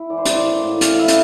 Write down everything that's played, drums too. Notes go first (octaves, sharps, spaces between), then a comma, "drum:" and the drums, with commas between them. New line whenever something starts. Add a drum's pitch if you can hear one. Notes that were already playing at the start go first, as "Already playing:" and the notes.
Already playing: E4
E3 D5
C5
A2 D5, drum: hi-hat
A#3
A2
E3 F5, drum: hi-hat
E4 E5
drum: hi-hat